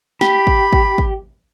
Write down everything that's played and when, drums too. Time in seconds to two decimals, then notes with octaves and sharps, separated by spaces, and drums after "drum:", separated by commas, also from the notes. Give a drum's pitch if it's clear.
0.21 G4 B5, drum: snare
0.47 drum: kick
0.73 drum: kick
0.98 drum: kick